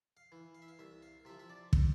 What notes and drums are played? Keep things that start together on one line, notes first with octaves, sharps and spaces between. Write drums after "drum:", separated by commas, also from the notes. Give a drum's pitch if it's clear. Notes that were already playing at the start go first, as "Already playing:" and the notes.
F5
E3
F5
E5
F5
C2 E5
F5
C3 F3 E5
E5
D5
drum: kick